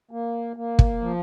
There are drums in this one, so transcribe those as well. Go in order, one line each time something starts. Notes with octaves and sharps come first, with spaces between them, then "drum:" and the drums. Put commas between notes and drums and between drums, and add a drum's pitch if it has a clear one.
A#3
A#3
drum: kick
F3